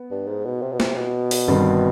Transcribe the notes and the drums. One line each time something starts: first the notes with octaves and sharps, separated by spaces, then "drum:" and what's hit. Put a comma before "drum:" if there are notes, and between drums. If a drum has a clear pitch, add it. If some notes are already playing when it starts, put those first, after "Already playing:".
Already playing: B3
G2
G#2
B2
C3
B2
C3, drum: snare
B2
drum: open hi-hat
G1 G2 D#3 G3 C4